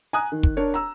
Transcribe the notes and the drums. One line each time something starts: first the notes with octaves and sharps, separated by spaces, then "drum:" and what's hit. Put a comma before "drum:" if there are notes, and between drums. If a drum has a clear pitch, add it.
G#5 A#5 D#6 F#6
D#3
drum: kick
D4 A#4 C#5
A#5 E6